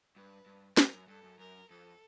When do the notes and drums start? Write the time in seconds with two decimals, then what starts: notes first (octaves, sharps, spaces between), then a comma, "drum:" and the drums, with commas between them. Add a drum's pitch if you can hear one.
0.16 G2 B4
0.46 G2
0.77 G2 A#4, drum: snare
0.93 F#2
1.08 G2 A4
1.23 F#2
1.39 F#2 A#4
1.70 F2 A4